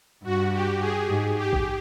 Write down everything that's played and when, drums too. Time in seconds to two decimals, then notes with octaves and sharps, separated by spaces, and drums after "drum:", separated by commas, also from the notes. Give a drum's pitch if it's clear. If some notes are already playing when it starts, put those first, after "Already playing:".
0.24 G2 F#4
0.53 G4
0.80 G#4
1.09 G#2
1.37 G4
1.53 drum: kick A1